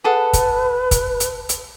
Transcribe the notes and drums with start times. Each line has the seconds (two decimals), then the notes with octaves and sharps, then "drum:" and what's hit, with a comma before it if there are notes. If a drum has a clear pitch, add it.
0.04 G#4 A4 B4 F#5
0.33 drum: kick, hi-hat
0.91 drum: kick, hi-hat
1.20 drum: hi-hat
1.49 drum: hi-hat